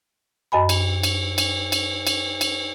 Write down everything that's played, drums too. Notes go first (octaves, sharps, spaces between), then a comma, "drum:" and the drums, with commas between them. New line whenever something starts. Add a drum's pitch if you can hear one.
F#2 D#5 G#5 B5
drum: cymbal
drum: cymbal
drum: cymbal
drum: cymbal
drum: cymbal
drum: cymbal